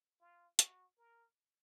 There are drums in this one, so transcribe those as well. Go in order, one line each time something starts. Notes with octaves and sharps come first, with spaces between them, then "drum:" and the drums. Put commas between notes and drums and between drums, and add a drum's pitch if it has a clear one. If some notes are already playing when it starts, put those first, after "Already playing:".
F4
F#4, drum: hi-hat
A#4